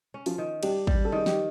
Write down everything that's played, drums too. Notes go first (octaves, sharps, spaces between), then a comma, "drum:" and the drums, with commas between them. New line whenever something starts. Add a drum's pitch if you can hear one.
C#4
F3 F4, drum: open hi-hat
D#3
G3 D4 G4, drum: cymbal
G3, drum: kick
A4
D#3 G#4
G4, drum: snare